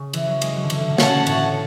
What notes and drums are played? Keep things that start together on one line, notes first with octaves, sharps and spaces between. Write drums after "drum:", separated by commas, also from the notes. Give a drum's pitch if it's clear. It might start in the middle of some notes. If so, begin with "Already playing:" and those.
Already playing: C#3
E3, drum: cymbal
F#3
G#3, drum: cymbal
F#3
D3
E3, drum: cymbal
D3
B2
C#4 F#4 C#5 F#5 A5, drum: snare
A2, drum: cymbal